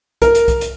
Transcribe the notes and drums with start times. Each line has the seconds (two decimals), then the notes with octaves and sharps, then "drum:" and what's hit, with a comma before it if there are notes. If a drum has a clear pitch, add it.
0.22 A#4, drum: kick C2, hi-hat
0.35 drum: hi-hat
0.48 drum: kick C2, hi-hat
0.61 drum: hi-hat